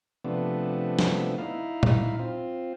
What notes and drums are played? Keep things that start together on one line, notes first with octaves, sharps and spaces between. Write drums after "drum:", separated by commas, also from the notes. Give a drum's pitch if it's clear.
C3 F3 A3 B3 D4
drum: snare
D#4 E4 F5
drum: tom A#2
C4 F4